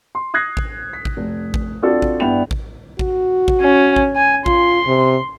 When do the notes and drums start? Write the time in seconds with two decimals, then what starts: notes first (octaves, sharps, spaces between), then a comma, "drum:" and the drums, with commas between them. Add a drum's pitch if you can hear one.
0.15 C6
0.34 D#6 F#6 G#6 A#6 C7
0.57 drum: kick A1
0.93 B6
1.05 drum: kick A1
1.17 F1
1.54 drum: kick A1
1.82 C4 D4 F4 F#4 A4 D5
2.02 drum: kick A1
2.20 G2 B3 D4 E4 G5 F7
2.51 drum: kick A1
2.99 F#4, drum: kick A1
3.48 drum: kick A1
3.61 C#4
3.96 drum: kick A1
4.16 G#5
4.46 F4 C6, drum: kick A1
4.87 C3